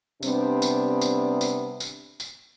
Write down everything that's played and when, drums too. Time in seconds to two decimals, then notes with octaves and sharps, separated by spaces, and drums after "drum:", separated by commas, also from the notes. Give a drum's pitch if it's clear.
0.23 C3 G3 B3 C4 D4, drum: tambourine
0.62 drum: tambourine
1.01 drum: tambourine
1.41 drum: tambourine
1.80 drum: tambourine
2.20 drum: tambourine